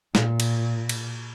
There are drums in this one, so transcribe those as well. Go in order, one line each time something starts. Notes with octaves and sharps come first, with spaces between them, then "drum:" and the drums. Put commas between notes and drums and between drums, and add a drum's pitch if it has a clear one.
A#2, drum: snare
drum: cymbal
drum: cymbal